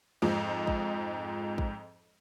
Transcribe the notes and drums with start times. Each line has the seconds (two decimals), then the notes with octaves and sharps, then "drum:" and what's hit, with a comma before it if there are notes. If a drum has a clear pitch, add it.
0.22 F2 G#2 F3 G#3
0.67 drum: kick
1.58 drum: kick